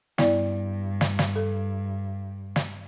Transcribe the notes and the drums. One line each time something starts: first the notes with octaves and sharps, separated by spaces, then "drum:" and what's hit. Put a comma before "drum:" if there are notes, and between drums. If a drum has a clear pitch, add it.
G2 B3 E4 D5, drum: snare
drum: snare
drum: snare
A4
drum: snare